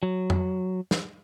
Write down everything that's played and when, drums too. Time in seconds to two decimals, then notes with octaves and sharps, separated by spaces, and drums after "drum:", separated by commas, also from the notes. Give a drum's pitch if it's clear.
0.03 F#3
0.30 drum: tom F2
0.91 drum: snare